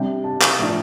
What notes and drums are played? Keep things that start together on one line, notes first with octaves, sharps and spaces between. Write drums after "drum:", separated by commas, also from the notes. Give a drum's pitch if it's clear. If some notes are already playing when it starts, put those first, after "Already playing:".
Already playing: C3 G3 D4 G5
A5
drum: clap
A2 F3 D4